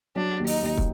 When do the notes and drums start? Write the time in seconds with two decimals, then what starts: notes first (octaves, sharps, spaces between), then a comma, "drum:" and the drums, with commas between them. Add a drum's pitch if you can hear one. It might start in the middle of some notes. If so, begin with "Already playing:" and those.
0.16 F#3 D4
0.40 D#2
0.47 D#4, drum: open hi-hat
0.62 D#2
0.77 drum: kick